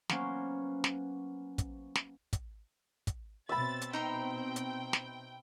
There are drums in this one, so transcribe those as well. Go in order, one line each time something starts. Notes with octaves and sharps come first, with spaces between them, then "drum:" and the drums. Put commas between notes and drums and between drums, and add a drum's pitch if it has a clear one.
F#3 A#3 B3 C#4 C5, drum: snare
drum: snare
drum: kick, hi-hat
drum: snare
drum: kick, hi-hat
drum: kick, hi-hat
B2 C4 E5 B5 A6
drum: hi-hat
D#4 G5 A#5 C6
drum: hi-hat
drum: snare